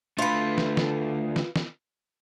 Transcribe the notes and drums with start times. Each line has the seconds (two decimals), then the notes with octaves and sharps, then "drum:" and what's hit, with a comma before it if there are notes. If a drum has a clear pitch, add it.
0.19 D3 A3 F4 B4
0.58 drum: snare
0.77 drum: snare
1.36 drum: snare
1.56 drum: snare